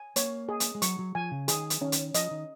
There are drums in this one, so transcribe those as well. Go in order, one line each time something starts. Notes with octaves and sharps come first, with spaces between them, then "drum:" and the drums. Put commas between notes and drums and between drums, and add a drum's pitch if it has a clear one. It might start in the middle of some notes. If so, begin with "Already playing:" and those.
Already playing: G#5
A#3 C#5, drum: hi-hat
G#4
drum: hi-hat
G#3
F#3 C#6, drum: hi-hat
F#3
F3 G#5
C#3
D#3 G#4, drum: hi-hat
drum: hi-hat
D#3 C#4
drum: hi-hat
F3 D#5, drum: hi-hat
D#3